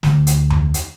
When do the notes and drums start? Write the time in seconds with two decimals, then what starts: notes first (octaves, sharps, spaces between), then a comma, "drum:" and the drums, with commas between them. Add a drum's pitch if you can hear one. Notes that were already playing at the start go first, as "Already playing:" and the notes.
0.03 D2, drum: snare
0.27 drum: hi-hat
0.50 drum: tom E2
0.74 drum: hi-hat